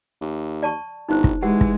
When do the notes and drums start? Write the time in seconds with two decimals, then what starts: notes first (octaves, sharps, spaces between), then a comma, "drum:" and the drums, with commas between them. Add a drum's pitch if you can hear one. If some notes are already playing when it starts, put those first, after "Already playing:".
0.21 D#2
0.63 D5 A5 C#6
1.09 G1 D#4 C5
1.24 drum: kick
1.42 E3 G#3 G4 F#5
1.61 drum: kick